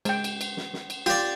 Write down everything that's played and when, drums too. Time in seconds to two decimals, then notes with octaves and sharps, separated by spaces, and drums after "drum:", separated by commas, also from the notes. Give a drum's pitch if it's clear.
0.05 G#3 G5, drum: cymbal
0.24 drum: cymbal
0.41 drum: cymbal
0.57 drum: snare
0.73 drum: snare
0.90 drum: cymbal
1.06 F4 G4 D5, drum: cymbal